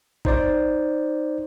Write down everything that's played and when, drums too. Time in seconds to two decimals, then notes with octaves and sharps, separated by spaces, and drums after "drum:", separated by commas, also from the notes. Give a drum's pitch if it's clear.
0.25 D#4 C5 D5, drum: kick G#1